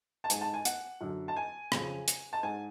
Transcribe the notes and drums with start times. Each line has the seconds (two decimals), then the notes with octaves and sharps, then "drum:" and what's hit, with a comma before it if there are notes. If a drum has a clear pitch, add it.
0.24 A5
0.30 G#2 G#5, drum: hi-hat
0.41 A5
0.54 G#5
0.65 F#5, drum: hi-hat
1.01 F#2 D3
1.28 A5
1.36 G#5
1.72 F2 C#3, drum: rim click
2.08 drum: hi-hat
2.33 A5
2.43 G#2 G#5